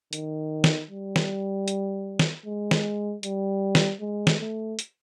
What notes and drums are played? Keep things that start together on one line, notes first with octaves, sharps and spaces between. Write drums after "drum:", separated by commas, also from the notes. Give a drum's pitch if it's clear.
D#3, drum: hi-hat
drum: snare
G3
drum: snare
drum: hi-hat
drum: snare
G#3
drum: snare
G3, drum: hi-hat
drum: snare
G#3
drum: snare
A3
drum: hi-hat